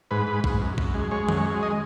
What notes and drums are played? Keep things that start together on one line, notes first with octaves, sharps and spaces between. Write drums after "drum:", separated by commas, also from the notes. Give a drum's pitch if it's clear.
G#2 B4
G#2
G#2, drum: kick
F#2
F#2, drum: kick
G#3
G#3 C#5
F#2, drum: tom D#3
C#5
G#3
D#5